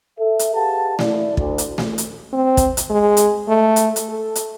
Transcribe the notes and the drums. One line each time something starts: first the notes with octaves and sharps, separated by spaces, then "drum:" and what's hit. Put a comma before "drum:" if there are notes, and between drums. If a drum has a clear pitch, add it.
A4 E5
drum: hi-hat
G4 G#4 B4 F5 F#5 A5
E4 D5, drum: snare A3
D2, drum: kick
drum: hi-hat
drum: snare A3
drum: hi-hat
C4
drum: kick, hi-hat
drum: hi-hat
G#3
drum: hi-hat
A3
drum: hi-hat
drum: hi-hat
A4
drum: hi-hat